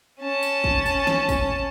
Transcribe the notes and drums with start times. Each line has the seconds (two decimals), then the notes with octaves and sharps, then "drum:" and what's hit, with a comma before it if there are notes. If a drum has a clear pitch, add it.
0.21 C#4 A5
0.43 drum: tambourine
0.64 drum: kick
0.86 drum: tambourine
1.07 drum: snare
1.29 drum: kick, tambourine